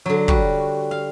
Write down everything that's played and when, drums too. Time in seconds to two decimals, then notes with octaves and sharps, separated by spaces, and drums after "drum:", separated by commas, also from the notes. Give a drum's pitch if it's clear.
0.06 D3 F#3
0.28 G3 F#4, drum: kick
0.91 F5